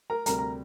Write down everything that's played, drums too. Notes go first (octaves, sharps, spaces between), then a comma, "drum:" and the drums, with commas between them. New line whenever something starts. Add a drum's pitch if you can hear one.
A#4 A#5
D2 C3 G3 A#4 A#5, drum: hi-hat
A#5